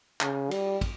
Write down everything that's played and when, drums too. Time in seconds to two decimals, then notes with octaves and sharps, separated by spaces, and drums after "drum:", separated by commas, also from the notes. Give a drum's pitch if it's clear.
0.21 C#3, drum: clap
0.51 G3, drum: cymbal
0.81 drum: kick, cymbal